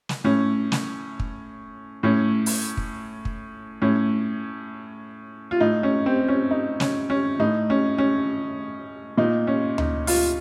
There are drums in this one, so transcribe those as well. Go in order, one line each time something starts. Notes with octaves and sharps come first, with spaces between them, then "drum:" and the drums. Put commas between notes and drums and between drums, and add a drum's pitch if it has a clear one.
drum: snare
A2 C#4
drum: snare
drum: kick
A2 C#4
drum: open hi-hat
drum: kick
drum: kick
A2 C#4
F4
A2 D#4
C#4
C4
C#4
D#4
C#4, drum: snare
C#4
A2 D#4
C#4
C#4
A#2 D#4
C#4
D#4, drum: tom D2
F4, drum: open hi-hat